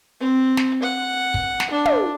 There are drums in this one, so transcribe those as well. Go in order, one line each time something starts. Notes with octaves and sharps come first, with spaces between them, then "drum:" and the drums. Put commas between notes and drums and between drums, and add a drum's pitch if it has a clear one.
C4
drum: snare
F#5
drum: kick
drum: snare
D4
drum: tom